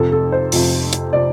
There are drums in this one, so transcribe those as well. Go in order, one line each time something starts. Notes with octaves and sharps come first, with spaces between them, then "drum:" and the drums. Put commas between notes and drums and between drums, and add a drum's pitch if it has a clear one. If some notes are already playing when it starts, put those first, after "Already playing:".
Already playing: F2 C3 F3 A4
A4
C5
F2 C3 F3, drum: open hi-hat
drum: hi-hat
C3 F3 D5